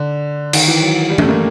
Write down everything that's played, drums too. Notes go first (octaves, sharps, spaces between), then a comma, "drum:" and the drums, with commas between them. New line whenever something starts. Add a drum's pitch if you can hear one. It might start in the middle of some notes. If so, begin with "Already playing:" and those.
Already playing: D3
D#3, drum: cymbal
E3
F#3
G3
A3, drum: tom E3
A#3